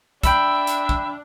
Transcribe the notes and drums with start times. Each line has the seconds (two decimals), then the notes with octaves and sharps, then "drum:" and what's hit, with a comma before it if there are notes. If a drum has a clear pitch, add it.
0.23 D4 E5 G5 B5 E6, drum: kick, hi-hat
0.67 drum: hi-hat
0.89 drum: kick